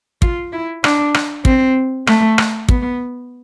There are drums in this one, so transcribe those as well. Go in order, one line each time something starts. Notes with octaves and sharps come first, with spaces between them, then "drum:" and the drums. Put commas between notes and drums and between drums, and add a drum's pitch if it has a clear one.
F4, drum: kick
E4
D4, drum: rim click
drum: rim click
C4, drum: kick
A3, drum: rim click
drum: rim click
B3, drum: kick